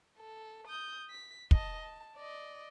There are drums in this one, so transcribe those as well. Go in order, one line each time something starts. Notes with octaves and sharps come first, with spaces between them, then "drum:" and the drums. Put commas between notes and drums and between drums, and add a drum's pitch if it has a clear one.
A4
D#6 G6
B6
D#5 A5, drum: kick
A5
D5 D#5